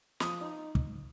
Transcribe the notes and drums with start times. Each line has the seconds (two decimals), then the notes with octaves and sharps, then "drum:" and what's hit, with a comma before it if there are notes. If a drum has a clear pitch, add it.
0.20 F3 D#6, drum: snare
0.41 D#4
0.75 drum: kick